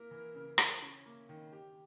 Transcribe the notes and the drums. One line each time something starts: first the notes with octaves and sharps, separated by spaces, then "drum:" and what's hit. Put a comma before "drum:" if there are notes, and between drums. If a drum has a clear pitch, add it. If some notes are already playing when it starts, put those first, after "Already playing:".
Already playing: A#3 E4 A#4
E3
C#3
E4, drum: rim click
C#4
A#3
D#3
G4